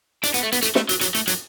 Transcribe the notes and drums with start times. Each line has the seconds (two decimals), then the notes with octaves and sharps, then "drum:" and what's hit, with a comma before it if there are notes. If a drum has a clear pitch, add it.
0.23 D4, drum: hi-hat
0.34 B3, drum: hi-hat
0.43 A3
0.52 B3, drum: hi-hat
0.62 A3, drum: hi-hat
0.75 A3, drum: snare
0.89 F#3, drum: hi-hat
1.01 F#3, drum: hi-hat
1.14 A3, drum: hi-hat
1.27 F#3, drum: hi-hat